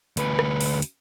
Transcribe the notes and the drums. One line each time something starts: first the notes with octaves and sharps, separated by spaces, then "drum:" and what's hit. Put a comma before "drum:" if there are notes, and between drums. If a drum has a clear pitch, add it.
D2 B4, drum: hi-hat
drum: rim click
drum: open hi-hat
drum: hi-hat